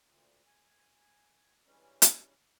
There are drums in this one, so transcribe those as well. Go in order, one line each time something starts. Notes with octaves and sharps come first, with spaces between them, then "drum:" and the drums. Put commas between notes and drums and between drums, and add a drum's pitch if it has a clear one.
D2 A#2
G#5
G2 E3 G3 G#3 C#4
drum: hi-hat